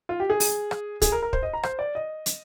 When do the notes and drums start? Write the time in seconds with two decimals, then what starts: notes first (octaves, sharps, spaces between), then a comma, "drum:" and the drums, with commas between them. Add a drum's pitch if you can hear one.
0.09 F4
0.20 G4
0.30 G#4
0.40 drum: open hi-hat
0.71 drum: rim click
1.02 G#4, drum: kick, hi-hat
1.12 A#4
1.22 A#4
1.33 C5, drum: kick
1.43 D#5
1.53 A#5
1.63 C5, drum: rim click
1.79 D5
1.95 D#5
2.26 drum: hi-hat